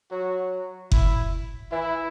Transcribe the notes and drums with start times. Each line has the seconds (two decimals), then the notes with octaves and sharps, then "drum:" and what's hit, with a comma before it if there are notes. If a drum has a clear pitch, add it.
0.11 F#3 F#4
0.92 E4, drum: kick F#1
1.72 E3 E4